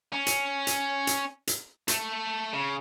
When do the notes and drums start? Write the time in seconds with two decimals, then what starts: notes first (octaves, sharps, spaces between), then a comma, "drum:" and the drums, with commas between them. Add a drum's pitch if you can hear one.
0.13 C#4
0.27 drum: hi-hat
0.67 drum: hi-hat
1.07 drum: hi-hat
1.47 drum: hi-hat
1.88 A3, drum: hi-hat
2.53 C#3